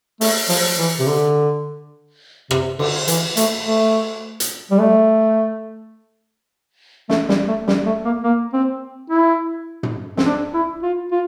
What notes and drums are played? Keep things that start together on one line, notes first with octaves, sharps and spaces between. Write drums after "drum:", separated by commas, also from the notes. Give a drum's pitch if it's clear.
A3, drum: open hi-hat
F3, drum: open hi-hat
E3
C3
D3
C3, drum: rim click
D3, drum: cymbal
E3, drum: hi-hat
A3, drum: hi-hat
A3
drum: hi-hat
G3
A3
A3, drum: snare
G3, drum: snare
A3
G3, drum: snare
A3
A#3
A#3
C4
E4
drum: tom
C4, drum: snare
D4
E4
F4
F4